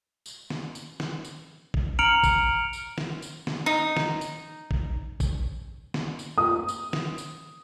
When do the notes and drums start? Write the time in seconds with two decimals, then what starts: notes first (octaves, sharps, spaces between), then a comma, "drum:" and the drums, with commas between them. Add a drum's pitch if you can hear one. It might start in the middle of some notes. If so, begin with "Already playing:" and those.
0.26 drum: tambourine
0.50 drum: snare
0.75 drum: tambourine
1.00 drum: snare
1.25 drum: tambourine
1.74 drum: kick
1.99 A#5 F6 C#7 D7 F7 F#7
2.23 drum: kick, tambourine
2.73 drum: tambourine
2.98 drum: snare
3.22 drum: tambourine
3.47 drum: snare
3.66 D#4
3.97 drum: snare
4.21 drum: tambourine
4.71 drum: kick
5.20 drum: kick, tambourine
5.94 drum: snare
6.19 drum: tambourine
6.38 D#6
6.68 drum: tambourine
6.93 drum: snare
7.18 drum: tambourine